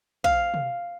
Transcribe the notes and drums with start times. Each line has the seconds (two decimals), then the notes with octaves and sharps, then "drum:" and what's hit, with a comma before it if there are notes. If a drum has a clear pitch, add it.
0.24 F5, drum: kick
0.54 drum: tom